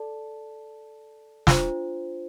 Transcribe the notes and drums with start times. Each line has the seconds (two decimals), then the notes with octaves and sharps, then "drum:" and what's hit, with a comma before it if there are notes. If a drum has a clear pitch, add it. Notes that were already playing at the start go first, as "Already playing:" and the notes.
Already playing: A4 D5 A5
1.47 D4 F4 C5, drum: snare